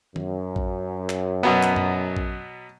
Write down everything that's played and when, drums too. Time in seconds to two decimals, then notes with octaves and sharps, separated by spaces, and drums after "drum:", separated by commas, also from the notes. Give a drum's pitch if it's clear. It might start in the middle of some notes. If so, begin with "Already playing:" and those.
0.16 F#2, drum: tom
0.56 drum: kick
1.10 drum: clap
1.43 B2 F#3 B3
1.63 drum: clap
1.76 drum: tom F#2
2.17 drum: kick